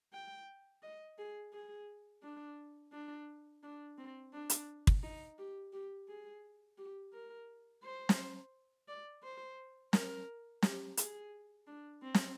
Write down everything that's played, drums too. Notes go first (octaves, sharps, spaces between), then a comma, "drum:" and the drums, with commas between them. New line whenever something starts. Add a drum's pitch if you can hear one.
G5
D#5
G#4
G#4
D4
D4
D4
C4
D4
drum: hi-hat
drum: kick
D#4
G4
G4
G#4
G4
A#4
C5
drum: snare
D5
C5
A#4, drum: snare
G4, drum: snare
G#4, drum: hi-hat
D4
C4
drum: snare